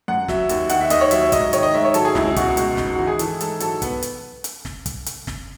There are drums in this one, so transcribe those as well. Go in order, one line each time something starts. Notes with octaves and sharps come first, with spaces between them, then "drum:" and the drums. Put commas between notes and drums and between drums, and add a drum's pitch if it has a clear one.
F#2 F#5
F#3 E5, drum: snare
D#2, drum: hi-hat
D#3 F#5, drum: hi-hat
E5
D#2 D#5, drum: hi-hat
C#5
F#3 E5, drum: hi-hat
G#2 D#5, drum: kick, hi-hat
D#3 C#5, drum: hi-hat
D#5
G#2 E5
C#5
F#3 A4, drum: hi-hat
G#4
C#2 E4, drum: snare
E4
B2 F#4, drum: kick, hi-hat
C#2, drum: hi-hat
G#2, drum: snare
E3 F#4
G#4
E3 A4, drum: hi-hat
G#2 A4, drum: hi-hat
F#3 A4, drum: hi-hat
B3, drum: kick, hi-hat
drum: hi-hat
drum: hi-hat
drum: snare
drum: kick, hi-hat
drum: hi-hat
drum: snare